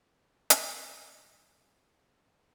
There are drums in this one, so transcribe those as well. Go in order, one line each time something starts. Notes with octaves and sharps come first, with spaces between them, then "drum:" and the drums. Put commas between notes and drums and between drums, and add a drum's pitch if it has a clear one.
drum: hi-hat
G6 A#6